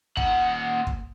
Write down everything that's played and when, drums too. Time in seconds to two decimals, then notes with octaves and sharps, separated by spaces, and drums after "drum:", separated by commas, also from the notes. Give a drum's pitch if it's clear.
0.17 A#2 F#5, drum: kick
0.87 drum: kick